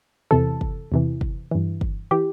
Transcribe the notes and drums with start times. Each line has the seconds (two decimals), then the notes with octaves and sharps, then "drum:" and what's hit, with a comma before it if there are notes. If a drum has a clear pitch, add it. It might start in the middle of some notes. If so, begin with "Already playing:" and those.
0.31 E2 C3 E3 A4
0.61 drum: kick
0.92 E2 C3 E3
1.21 drum: kick
1.51 G2 E3
1.81 drum: kick
2.11 E3 G4